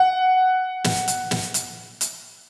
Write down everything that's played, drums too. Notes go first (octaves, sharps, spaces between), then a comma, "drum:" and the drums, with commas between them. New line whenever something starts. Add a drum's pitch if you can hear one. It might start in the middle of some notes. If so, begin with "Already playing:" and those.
Already playing: F#5
drum: snare
drum: hi-hat
drum: snare
drum: hi-hat
drum: hi-hat